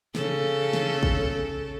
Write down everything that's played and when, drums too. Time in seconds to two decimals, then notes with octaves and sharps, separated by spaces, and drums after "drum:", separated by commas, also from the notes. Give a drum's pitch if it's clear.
0.15 C#3 A4, drum: snare
0.73 drum: snare
1.03 drum: kick